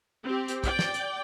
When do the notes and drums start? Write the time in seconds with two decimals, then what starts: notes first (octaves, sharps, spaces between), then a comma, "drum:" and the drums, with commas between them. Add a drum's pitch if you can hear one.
0.25 C4 G4
0.48 drum: hi-hat
0.64 D5 G5, drum: kick, hi-hat
0.79 drum: snare
0.94 drum: hi-hat